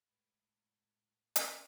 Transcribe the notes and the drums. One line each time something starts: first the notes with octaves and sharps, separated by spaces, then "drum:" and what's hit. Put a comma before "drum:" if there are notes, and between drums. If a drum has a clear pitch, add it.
A2 G#3 B4
drum: hi-hat